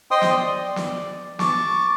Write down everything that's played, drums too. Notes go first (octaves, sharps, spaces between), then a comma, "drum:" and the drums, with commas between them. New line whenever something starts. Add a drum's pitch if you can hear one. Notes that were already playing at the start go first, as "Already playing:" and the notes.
C5 D#5 G5 C6 D#6
drum: snare
D5
drum: snare
A5 C#6 D6, drum: snare